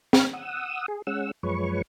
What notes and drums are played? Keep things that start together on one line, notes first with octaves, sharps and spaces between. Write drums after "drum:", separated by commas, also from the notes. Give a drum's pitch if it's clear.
F5 B5 C#6 F6, drum: snare
F#5 D#6 E6
G#4
G#3 C#4 F#5 E6
F#2 F3 G#3 B4 C#5 C#6